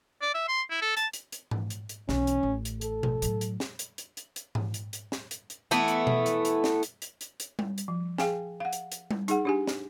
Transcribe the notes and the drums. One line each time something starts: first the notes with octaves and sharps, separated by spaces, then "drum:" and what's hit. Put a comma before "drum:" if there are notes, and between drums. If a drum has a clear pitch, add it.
D5
E5
C6
E4
A4
A5, drum: hi-hat
drum: hi-hat
drum: hi-hat
drum: tom G#2
drum: hi-hat
drum: hi-hat
B1 E3 C#4, drum: snare
drum: hi-hat
A1
drum: hi-hat
A4, drum: hi-hat
drum: tom B2
A2 F#3, drum: hi-hat
drum: hi-hat
drum: snare
drum: hi-hat
drum: hi-hat
drum: hi-hat
drum: hi-hat
drum: tom G#2
drum: hi-hat
drum: hi-hat
drum: snare
drum: hi-hat
drum: hi-hat
E3 A3 B3 E4, drum: hi-hat
drum: hi-hat
drum: tom B2
drum: hi-hat
drum: hi-hat
drum: snare
drum: hi-hat
drum: hi-hat
drum: hi-hat
drum: hi-hat
drum: tom G3
drum: hi-hat
F3
G#4 F5 G5 G#5, drum: snare
F5 F#5
drum: hi-hat
drum: hi-hat
drum: tom G3
D#4 G#4 F#5, drum: hi-hat
D4 G4 G#5
drum: snare